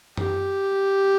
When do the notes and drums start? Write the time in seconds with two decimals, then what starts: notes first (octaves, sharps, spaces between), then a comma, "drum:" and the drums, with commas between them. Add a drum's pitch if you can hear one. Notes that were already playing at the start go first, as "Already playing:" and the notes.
0.17 G4, drum: tom F#2